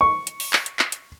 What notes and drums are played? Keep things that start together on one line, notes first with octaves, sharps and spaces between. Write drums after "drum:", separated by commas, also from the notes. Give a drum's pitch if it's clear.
C#6
drum: hi-hat
drum: open hi-hat
drum: clap
drum: hi-hat
drum: clap
drum: hi-hat